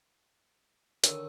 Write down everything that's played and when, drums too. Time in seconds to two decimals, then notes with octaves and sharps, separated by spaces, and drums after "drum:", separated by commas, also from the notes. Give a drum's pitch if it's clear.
1.04 D3 D#3 D4 C#5 E6, drum: hi-hat